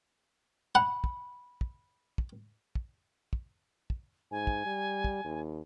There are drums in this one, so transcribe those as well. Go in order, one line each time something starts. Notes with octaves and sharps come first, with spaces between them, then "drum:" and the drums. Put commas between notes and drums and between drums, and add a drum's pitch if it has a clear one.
F#5 B5
drum: kick
drum: kick
drum: kick
drum: kick
drum: kick
drum: kick
G#2 G#5
drum: kick
G3
drum: kick
D#2